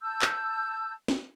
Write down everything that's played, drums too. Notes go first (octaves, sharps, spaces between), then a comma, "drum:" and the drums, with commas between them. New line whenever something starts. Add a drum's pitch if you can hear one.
A5 E6 G6
drum: clap
drum: snare